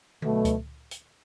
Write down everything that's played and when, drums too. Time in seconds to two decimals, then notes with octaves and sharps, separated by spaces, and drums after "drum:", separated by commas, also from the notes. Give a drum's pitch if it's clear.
0.22 B1 B2 A3, drum: tom D3
0.45 drum: kick C#2, hi-hat
0.91 drum: hi-hat